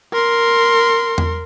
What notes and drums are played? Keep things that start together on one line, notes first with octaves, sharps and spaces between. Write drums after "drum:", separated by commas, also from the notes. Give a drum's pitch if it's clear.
A#4 C6
drum: tom E2